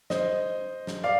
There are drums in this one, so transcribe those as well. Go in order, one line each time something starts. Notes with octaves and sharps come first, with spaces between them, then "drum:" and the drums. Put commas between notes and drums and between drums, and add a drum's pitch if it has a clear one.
C5 D#5, drum: snare
drum: snare
D5 F5